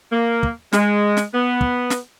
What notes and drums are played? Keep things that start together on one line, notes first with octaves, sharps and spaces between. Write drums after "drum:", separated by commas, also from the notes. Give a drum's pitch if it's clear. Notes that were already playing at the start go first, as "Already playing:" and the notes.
A#3
drum: kick
G#3, drum: snare
drum: snare
B3
drum: kick
drum: snare